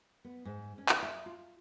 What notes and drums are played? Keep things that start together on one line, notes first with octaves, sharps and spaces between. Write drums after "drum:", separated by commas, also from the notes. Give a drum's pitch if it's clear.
B3
G#2
C#4
drum: clap
E5
F4